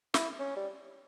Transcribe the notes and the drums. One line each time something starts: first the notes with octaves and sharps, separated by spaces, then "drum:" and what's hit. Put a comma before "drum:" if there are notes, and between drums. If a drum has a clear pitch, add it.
E4, drum: snare
C#4
G3